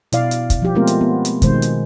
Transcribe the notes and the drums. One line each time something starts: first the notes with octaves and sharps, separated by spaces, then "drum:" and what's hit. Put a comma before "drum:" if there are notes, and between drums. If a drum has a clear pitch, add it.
B2 E4 D5 F5, drum: hi-hat
drum: hi-hat
drum: kick, hi-hat
F3 G4
G#3 A3 B3 C4 F4 A#4
drum: hi-hat
B3
drum: hi-hat
B2 D#3 G#3 C5, drum: kick, hi-hat
drum: hi-hat